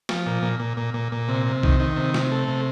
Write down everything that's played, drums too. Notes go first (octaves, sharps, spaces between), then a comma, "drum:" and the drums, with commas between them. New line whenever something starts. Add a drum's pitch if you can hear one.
F3, drum: snare
A#2
A#2
A#2
A#2
A#2
A#2
C3
C3
D#3, drum: kick B1
D#3
C3
C3, drum: snare
A3
C3